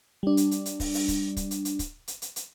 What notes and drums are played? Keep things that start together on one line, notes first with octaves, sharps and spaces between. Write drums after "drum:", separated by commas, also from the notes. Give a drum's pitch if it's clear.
G3 D4
drum: hi-hat
drum: hi-hat
drum: hi-hat
drum: kick, open hi-hat
drum: open hi-hat
drum: kick, hi-hat
drum: kick, hi-hat
drum: hi-hat
drum: hi-hat
drum: kick, hi-hat
drum: hi-hat
drum: hi-hat
drum: hi-hat